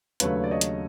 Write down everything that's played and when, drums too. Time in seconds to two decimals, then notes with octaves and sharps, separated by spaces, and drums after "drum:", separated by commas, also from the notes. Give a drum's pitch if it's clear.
0.20 D#2 C#3 F#3 A3 D4 B4 C#5, drum: hi-hat
0.44 D5
0.51 C#5 D#5
0.61 drum: hi-hat